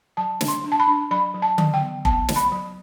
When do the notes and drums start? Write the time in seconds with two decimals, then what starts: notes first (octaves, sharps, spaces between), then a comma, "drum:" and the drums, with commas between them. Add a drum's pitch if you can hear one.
0.17 F#3 A5
0.41 D4, drum: snare
0.48 C6
0.64 D4
0.72 A5
0.80 B5
0.88 D4
1.11 F#3 B5
1.34 F#3
1.42 A5
1.58 F#3, drum: tom D3
1.74 G5
1.81 B3
2.05 B3 A5, drum: kick F1
2.29 F#3, drum: snare
2.36 B5
2.52 F#3